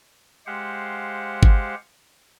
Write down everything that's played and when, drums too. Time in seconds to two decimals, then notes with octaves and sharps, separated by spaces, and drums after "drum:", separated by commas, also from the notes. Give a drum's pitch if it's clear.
0.47 G#3 G4 C5 F5 F#5
1.43 drum: kick G1